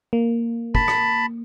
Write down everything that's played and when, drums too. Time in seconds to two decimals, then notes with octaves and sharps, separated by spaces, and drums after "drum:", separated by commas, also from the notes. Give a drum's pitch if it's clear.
0.13 A#3
0.75 A5 B5, drum: kick
0.88 drum: rim click